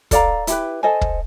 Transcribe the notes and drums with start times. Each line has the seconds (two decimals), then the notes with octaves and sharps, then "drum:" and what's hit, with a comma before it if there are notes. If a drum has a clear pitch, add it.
0.11 A4 D5 F5 A#5, drum: kick, hi-hat
0.47 E4 G4 B4, drum: hi-hat
0.83 A4 C5 D#5 G#5
1.01 drum: kick